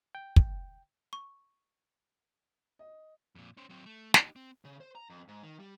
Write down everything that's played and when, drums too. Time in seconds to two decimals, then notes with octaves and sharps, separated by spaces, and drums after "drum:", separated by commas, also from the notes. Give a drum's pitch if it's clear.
0.15 G5
0.36 drum: kick
1.13 C#6
2.79 D#5
3.35 F2 A#2
3.57 C#4 C5
3.70 F#3 C4
3.86 A3
4.14 D#4 G4, drum: snare
4.36 C4
4.65 C#3
4.81 C5
4.95 A#5
5.10 F2
5.28 G#2
5.43 D#3
5.59 G3